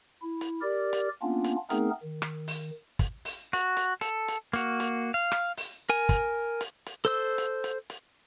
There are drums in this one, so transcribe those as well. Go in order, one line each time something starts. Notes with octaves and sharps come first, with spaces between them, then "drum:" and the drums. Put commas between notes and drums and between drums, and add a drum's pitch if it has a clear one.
E4
drum: hi-hat
G4 A#4 D5
drum: hi-hat
A#3 B3 C#4 D4 F4
drum: hi-hat
A3 B3 C4 D#4 G#4 A#4, drum: hi-hat
D#3
drum: rim click
drum: open hi-hat
drum: kick, hi-hat
drum: open hi-hat
F#4, drum: hi-hat
drum: hi-hat
A4, drum: hi-hat
drum: hi-hat
A#3 F#4, drum: hi-hat
drum: hi-hat
F5
drum: rim click
drum: open hi-hat
A#4 G#5
drum: kick, hi-hat
drum: hi-hat
drum: hi-hat
A4 C5 E6
drum: hi-hat
drum: hi-hat
drum: hi-hat